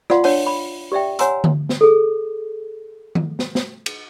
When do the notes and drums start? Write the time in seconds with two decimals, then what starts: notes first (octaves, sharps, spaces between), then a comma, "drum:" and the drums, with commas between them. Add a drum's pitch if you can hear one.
0.10 F4 D5 F5 F#5 C6, drum: rim click
0.24 D4 C#5 F#5 A5, drum: open hi-hat
0.47 B5
0.92 G4 D5 E5 G5
1.19 C#5 F#5 G#5 A#5 C6 E6, drum: hi-hat
1.44 drum: tom D3
1.69 drum: snare
1.81 G#4 A4
3.15 drum: tom D#3
3.39 drum: snare
3.55 drum: snare
3.86 drum: cymbal